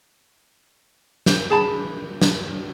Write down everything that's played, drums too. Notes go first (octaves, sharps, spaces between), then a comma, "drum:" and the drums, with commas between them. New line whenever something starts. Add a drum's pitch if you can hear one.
C5, drum: snare
G#4 A5 B5
drum: snare